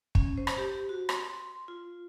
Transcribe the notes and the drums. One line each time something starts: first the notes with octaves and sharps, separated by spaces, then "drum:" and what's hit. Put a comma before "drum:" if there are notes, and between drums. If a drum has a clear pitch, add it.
C#4, drum: kick
C5
drum: rim click
G4
F#4
C6, drum: rim click
F4